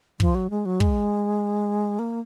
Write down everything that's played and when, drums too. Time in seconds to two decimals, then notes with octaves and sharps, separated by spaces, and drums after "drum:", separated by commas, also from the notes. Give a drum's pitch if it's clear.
0.20 F3, drum: kick
0.35 F#3
0.50 G#3
0.65 F#3
0.80 G#3, drum: kick
1.99 A#3